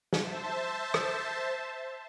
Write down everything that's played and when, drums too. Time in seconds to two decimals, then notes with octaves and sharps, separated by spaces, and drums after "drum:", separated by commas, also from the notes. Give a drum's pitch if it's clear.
0.13 C5 E5 A5, drum: snare
0.94 drum: rim click